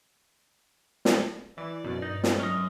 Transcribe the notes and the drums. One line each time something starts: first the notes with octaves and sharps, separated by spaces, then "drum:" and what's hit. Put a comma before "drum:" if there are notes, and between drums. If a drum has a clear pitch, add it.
drum: snare
E3 D5
F#2 B2
G2 D#4
drum: snare
F#2 C#4 D#5